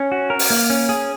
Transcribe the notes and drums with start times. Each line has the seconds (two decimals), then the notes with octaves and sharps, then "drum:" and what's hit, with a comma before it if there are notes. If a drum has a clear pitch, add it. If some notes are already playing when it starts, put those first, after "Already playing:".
Already playing: C#4
0.12 F#4
0.30 A#4
0.39 drum: open hi-hat
0.50 A#3
0.70 C#4
0.89 G#4